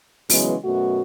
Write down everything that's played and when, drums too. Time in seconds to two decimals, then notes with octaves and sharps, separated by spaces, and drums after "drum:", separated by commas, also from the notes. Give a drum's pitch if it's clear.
0.30 C#3 E3 F#3 G#3 B3, drum: open hi-hat
0.64 F#2 B2 A3 F#4